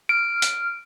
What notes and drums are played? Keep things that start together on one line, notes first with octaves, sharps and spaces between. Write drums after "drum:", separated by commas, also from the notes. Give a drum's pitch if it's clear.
F6 D7
drum: hi-hat